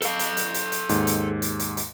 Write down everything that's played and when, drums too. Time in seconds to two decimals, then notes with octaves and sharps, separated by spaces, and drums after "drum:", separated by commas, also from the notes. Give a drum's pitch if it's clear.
0.02 A4 F5, drum: hi-hat
0.19 drum: hi-hat
0.37 drum: hi-hat
0.54 drum: hi-hat
0.72 drum: hi-hat
0.89 D#2 G#2, drum: hi-hat
1.07 drum: hi-hat
1.42 drum: hi-hat
1.59 drum: hi-hat
1.77 drum: hi-hat